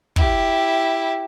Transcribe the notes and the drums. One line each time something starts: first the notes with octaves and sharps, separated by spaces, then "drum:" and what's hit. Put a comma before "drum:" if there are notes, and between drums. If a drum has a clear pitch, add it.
E4 G4, drum: kick